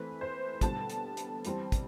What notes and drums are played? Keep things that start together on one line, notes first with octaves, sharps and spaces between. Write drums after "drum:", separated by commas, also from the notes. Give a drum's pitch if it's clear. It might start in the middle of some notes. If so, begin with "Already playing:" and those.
Already playing: E3 A3 C4 B4
C5
D3 G3 B3 A5, drum: kick, hi-hat
drum: hi-hat
drum: hi-hat
E3 G3 C4, drum: hi-hat
drum: kick, hi-hat